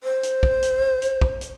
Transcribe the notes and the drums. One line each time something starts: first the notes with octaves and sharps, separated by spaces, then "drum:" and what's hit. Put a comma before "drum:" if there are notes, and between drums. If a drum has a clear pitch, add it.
C5
drum: hi-hat
drum: kick
drum: hi-hat
drum: hi-hat
drum: kick
drum: hi-hat